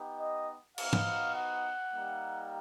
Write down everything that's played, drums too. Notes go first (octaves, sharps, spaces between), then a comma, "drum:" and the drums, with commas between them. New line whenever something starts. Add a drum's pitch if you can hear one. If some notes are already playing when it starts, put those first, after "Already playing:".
Already playing: B3 D#4 G4
D#5
B3 D#4 F#4 F5, drum: cymbal
drum: tom G#2
F#5
G3 A#3 D#4 G4